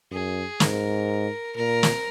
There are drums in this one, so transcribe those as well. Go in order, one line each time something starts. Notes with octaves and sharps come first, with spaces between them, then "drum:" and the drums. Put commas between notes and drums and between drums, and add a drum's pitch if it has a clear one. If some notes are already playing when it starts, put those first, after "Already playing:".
F#2 G#4
G#2 A#4, drum: snare
A#2 A#4
drum: snare